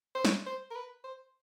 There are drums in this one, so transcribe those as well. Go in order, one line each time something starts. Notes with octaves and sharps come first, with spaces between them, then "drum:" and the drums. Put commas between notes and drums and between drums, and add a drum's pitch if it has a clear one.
C5
C#5, drum: snare
C5
A#4
B4
C5